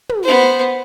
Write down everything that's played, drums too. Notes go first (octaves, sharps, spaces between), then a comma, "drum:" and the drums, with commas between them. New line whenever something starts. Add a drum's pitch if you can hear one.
drum: tom
B3 C5